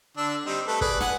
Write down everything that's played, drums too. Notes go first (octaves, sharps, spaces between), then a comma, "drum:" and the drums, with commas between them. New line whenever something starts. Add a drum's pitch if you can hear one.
D3 D4 E6
G3 C4 D#4
A3 A4 B4
G#4 B4 D5, drum: kick
F#5 G#5, drum: snare